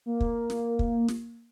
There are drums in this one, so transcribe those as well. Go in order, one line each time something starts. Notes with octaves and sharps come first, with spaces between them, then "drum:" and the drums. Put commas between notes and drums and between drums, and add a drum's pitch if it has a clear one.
A#3
drum: kick
drum: snare
drum: kick
drum: snare